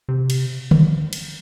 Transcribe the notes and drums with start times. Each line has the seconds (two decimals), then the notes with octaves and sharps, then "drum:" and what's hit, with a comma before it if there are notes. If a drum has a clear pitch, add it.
0.09 C3
0.30 drum: cymbal
0.71 drum: tom
1.13 drum: cymbal